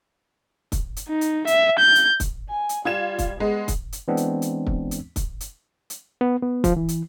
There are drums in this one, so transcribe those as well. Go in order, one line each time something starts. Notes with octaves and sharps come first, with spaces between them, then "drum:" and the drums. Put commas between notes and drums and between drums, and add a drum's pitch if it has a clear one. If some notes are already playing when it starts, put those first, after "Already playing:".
drum: kick, hi-hat
drum: hi-hat
D#4
drum: hi-hat
E5, drum: hi-hat
G6
drum: hi-hat
drum: kick, hi-hat
G#5
drum: hi-hat
G3 F4 G#6 E7
drum: kick, hi-hat
G#3 B3
drum: kick, hi-hat
drum: hi-hat
E3 G#3 B3 C4 D4
drum: hi-hat
drum: hi-hat
drum: kick
drum: hi-hat
drum: kick, hi-hat
drum: hi-hat
drum: hi-hat
B3
B3
F3, drum: kick, hi-hat
E3
drum: hi-hat